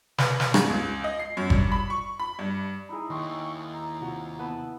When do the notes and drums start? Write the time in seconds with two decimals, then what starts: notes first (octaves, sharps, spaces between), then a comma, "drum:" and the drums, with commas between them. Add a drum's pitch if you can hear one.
0.18 B4, drum: snare
0.40 drum: snare
0.54 G#2, drum: rim click
0.70 C#2
1.04 D#5
1.19 C7
1.37 F#2
1.50 G2, drum: kick G1
1.72 B5
1.90 C#6
2.20 B5
2.39 G2
2.89 D#4 E4 G#4 A#5 B5
3.10 D#2 D#5 G5 C6 C#6
3.73 A#5
4.01 C3 C4 F4 F#4
4.39 B3 E4 B4 A5